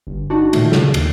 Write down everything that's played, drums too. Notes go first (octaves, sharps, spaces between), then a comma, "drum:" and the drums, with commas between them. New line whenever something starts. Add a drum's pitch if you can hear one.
G1
D4 D#4 F#4
A#2 D#3 A3, drum: cymbal
C#3, drum: snare
D#2, drum: cymbal